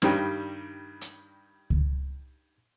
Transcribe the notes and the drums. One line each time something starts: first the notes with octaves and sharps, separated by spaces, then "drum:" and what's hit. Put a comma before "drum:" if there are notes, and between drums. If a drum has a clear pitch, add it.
G2 D#3 G3 G5, drum: snare C#4
drum: hi-hat
drum: kick C#2